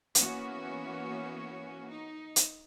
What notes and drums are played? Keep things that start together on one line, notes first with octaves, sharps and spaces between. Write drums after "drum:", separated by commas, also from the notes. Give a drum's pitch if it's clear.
E3 A#3 B3 C#4 F#4 C#5, drum: hi-hat
D#4
drum: hi-hat